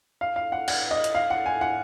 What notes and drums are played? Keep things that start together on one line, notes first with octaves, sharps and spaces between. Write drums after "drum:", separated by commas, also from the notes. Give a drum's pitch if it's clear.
F5
F5
F#5
F#5, drum: cymbal
D#5
drum: hi-hat
F5
F#5
G#5
F#5